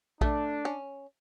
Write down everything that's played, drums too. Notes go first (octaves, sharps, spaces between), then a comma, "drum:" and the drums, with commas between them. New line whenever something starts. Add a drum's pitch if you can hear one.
A3 D4, drum: kick A#1
C#4